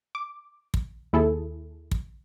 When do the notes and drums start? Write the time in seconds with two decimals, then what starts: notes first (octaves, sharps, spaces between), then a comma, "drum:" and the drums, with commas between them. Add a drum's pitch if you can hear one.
0.15 D6
0.74 drum: kick
1.13 D#2 E4 G#4 A4
1.91 drum: kick